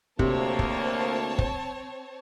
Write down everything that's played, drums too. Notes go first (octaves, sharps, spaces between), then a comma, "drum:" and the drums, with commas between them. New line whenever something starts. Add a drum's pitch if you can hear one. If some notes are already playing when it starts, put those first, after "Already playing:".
D2 C3 A#3 C4 C#5 A5, drum: kick
drum: kick
drum: kick